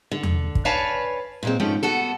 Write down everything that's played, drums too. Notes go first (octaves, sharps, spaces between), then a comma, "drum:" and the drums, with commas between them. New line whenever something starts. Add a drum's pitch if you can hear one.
D3
drum: tom E2
drum: kick
B4 C#5 D5 F5 G#5 A5
A#2 G#3 C4
G#2 F3 A3 C#4 G5
B3 F#4 A4